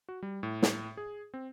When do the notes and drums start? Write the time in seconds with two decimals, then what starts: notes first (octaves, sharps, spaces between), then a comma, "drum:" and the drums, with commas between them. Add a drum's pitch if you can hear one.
0.09 F#4
0.23 G3
0.43 A2
0.62 drum: snare
0.97 G#4
1.34 C4